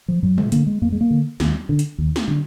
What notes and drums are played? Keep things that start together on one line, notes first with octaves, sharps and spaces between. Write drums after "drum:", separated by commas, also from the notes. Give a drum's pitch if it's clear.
F3
F#2 F#3
G#3, drum: tom
D3 A#3, drum: hi-hat
G#3
F2 A#3
G#3
A#3
D3
D#2, drum: snare
D3
drum: hi-hat
D#2
drum: snare
D3